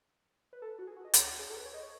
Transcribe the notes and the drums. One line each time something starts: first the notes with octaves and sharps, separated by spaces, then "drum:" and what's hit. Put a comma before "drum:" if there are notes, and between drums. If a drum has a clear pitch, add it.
B4
A4
F#4
G#4
F#4
D#5
C#5, drum: hi-hat
G#4
A4
B4
C#5
D#5
C#5